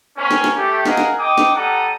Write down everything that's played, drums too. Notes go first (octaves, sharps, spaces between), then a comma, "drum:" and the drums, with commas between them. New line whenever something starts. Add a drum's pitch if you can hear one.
A#3 C4 C#4
drum: snare
drum: snare
A3 G4
G#4 A#4 D#5 F5 F#5, drum: snare
drum: snare
D#4 G5 D6 D#6
drum: snare
G3 A4 F#5 A#5 D#6